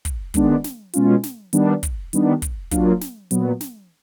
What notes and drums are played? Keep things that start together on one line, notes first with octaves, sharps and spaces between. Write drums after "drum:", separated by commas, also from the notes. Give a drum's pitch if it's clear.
drum: kick, hi-hat
D#3 G#3 B3 D4, drum: kick, hi-hat
drum: snare
B2 G#3 C#4 F4, drum: hi-hat
drum: snare
D#3 G3 B3 D4, drum: hi-hat
drum: kick, hi-hat
D#3 G3 B3 D4, drum: hi-hat
drum: kick, hi-hat
F#3 A#3 D4 F4, drum: kick, hi-hat
drum: snare
A#2 F#3 B3, drum: hi-hat
drum: snare